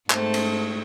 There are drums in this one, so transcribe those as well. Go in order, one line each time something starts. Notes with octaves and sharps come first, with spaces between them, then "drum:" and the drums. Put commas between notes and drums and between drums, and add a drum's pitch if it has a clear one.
G#2 A3 C4 A5, drum: clap
drum: cymbal